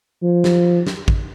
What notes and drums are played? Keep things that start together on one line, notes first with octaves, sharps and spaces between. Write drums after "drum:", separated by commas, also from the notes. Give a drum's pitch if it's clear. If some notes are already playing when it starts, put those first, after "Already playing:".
F3
drum: snare
drum: snare
drum: kick